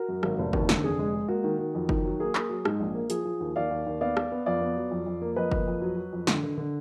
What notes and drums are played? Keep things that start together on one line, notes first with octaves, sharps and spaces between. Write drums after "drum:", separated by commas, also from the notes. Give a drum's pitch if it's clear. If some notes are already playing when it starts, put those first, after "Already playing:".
Already playing: F#4 A#4
F#2
G#1, drum: rim click
F1
D#2, drum: kick
D3, drum: snare
F1 G#4
G#3
G#3
A#3 F#4
D#3
D#3
F2
D#3, drum: kick
F#3
A#3 G#4
A#3, drum: clap
F#3
G#2, drum: rim click
A#1
A#3
F3 G#4, drum: hi-hat
F3
D#2
D#2 D5 F5
D#2
D#2
B3 D5 F5
B3, drum: rim click
B3
F2 D5 F5
B3
F#3
F2
F2
A#3
F2 B4 D#5
A#3, drum: kick
F2
F#3
F#3
F2
D3, drum: snare
D3
D3